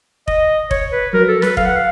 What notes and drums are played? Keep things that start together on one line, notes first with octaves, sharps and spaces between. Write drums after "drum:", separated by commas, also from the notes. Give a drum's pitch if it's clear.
D#5, drum: kick F1
C#5, drum: kick F1
B4
F#3 A#4
A4
B4, drum: snare
F5, drum: kick F1
F#5
F5